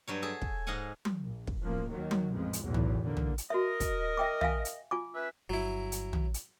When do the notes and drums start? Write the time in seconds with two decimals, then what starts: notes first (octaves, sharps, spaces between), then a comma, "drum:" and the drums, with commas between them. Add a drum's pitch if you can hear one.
0.08 G2 F#3 C#5
0.22 G#4 A4 E5
0.42 drum: kick
0.67 G#2 D#5 F5 F#5 G#5
1.05 drum: tom F#3
1.21 A#1
1.47 drum: kick
1.61 A1 F3 A#3
1.91 D#2 D#3 F#3
2.11 drum: tom F#3
2.32 A1 F2 F3 G#3
2.53 drum: hi-hat
2.62 B1 E2 A2 E3
2.74 drum: tom
3.03 D3 A#3
3.17 drum: tom
3.38 drum: hi-hat
3.50 F#4 A#4 D#5 E5
3.80 drum: kick, hi-hat
4.17 E5 G5 D6
4.41 E5 F5 G#5, drum: tom
4.65 drum: hi-hat
4.91 F4 G#5 D6
5.15 C#4 B4 E5
5.50 G1 F#3 E4
5.92 drum: hi-hat
6.13 drum: tom
6.34 drum: hi-hat